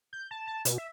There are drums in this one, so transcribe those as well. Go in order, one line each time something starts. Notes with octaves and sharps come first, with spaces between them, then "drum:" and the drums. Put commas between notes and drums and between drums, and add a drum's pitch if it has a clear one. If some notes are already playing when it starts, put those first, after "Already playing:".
G6
A5
A5
B2, drum: hi-hat
E5